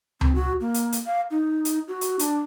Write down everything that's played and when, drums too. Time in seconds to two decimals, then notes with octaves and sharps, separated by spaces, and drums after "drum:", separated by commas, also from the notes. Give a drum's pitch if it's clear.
0.21 C4, drum: tom C#2
0.35 F#4
0.61 A#3
0.74 drum: hi-hat
0.92 drum: hi-hat
1.06 F5
1.31 D#4
1.65 drum: hi-hat
1.88 F#4
2.01 drum: hi-hat
2.19 D4, drum: hi-hat